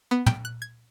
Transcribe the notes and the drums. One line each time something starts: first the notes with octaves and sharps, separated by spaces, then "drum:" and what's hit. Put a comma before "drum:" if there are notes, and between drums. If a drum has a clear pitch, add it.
B3
G5, drum: tom
F#6
G#6